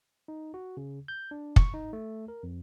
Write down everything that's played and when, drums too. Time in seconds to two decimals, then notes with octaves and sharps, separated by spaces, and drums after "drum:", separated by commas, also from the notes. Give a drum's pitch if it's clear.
0.28 D#4
0.54 F#4
0.77 C#3
1.08 G6
1.31 D4
1.56 C#6, drum: kick
1.74 D#4
1.93 A3
2.28 A#4
2.43 F2